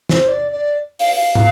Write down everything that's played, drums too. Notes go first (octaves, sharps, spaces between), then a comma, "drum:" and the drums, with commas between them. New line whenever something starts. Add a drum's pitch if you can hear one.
C5, drum: snare
D5
D5
F5, drum: open hi-hat
F5
F5, drum: tom